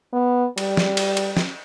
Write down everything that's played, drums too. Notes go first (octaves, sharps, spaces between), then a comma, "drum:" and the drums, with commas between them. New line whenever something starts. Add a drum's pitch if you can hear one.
B3
G3, drum: cymbal
drum: snare
drum: cymbal
drum: cymbal
drum: snare